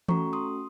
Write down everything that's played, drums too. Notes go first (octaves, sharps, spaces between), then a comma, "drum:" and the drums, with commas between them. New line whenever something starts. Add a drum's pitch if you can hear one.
A3 C#4 F#4 A4 A#5 C#6, drum: tom E3
C6 D#6